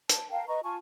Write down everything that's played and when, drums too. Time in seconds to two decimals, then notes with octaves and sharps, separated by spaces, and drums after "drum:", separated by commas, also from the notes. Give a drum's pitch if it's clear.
0.09 A5, drum: hi-hat
0.30 A#4 F5 G5 A5
0.47 B4 D#5 A#5 C#6
0.63 F4 G#5 A5 C#6